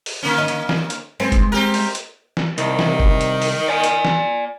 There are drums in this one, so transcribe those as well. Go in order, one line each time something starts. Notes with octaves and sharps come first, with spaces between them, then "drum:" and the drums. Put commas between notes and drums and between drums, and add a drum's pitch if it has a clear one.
drum: open hi-hat
D3 A#3 C#4
D#5
drum: hi-hat
drum: snare
drum: hi-hat
G#3 B3 C4
drum: kick, hi-hat
C4 G4 A#4
drum: open hi-hat
drum: hi-hat
drum: snare
C2 D#3, drum: hi-hat
drum: snare
drum: kick
drum: hi-hat
drum: open hi-hat
D5 G#5
drum: hi-hat
drum: snare